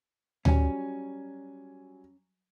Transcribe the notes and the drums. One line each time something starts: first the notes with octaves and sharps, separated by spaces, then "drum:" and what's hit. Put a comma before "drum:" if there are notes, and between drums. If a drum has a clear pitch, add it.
F#3 G3 C#4 G#5, drum: tom D2